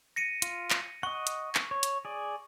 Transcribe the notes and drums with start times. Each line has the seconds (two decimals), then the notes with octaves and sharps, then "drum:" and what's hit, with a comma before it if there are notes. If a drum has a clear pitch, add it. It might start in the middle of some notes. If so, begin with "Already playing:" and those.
0.16 A#6 C#7 D#7
0.42 F4, drum: hi-hat
0.70 drum: clap
1.03 D#5 F#5 C#6
1.27 drum: hi-hat
1.55 drum: clap
1.71 C#5
1.83 drum: hi-hat
2.05 G#4 D5